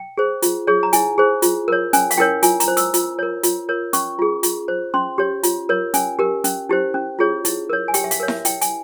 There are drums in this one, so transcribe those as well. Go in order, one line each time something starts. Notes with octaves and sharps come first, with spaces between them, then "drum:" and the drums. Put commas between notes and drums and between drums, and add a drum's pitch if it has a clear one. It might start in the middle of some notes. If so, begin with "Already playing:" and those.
Already playing: G5
G#4 C5
F4, drum: hi-hat
G#4 C#5
A#5
E4 G#5, drum: hi-hat
G#4 C5
F4, drum: hi-hat
A#4 C#5
C#4 G#5, drum: hi-hat
F5, drum: hi-hat
E4 A#4 C#5 G5
F4 G#5, drum: hi-hat
A#5, drum: hi-hat
C5
E6, drum: hi-hat
F4, drum: hi-hat
A#4 C#5
F4, drum: hi-hat
A#4 C#5
C#4 C#6, drum: hi-hat
F4 G#4
F4, drum: hi-hat
C5
C#4 C6
G4 C#5
F4, drum: hi-hat
A#4 C#5
C#4 G#5, drum: hi-hat
G4 A#4
C#4, drum: hi-hat
E4 G4 C5
C#4
F4 G#4 C#5
E4, drum: hi-hat
A#4 C#5
G#5
G4 G5, drum: hi-hat
E5
F5, drum: hi-hat
A#4 C#5
E5, drum: snare E4
E4 G5, drum: hi-hat
G#5, drum: hi-hat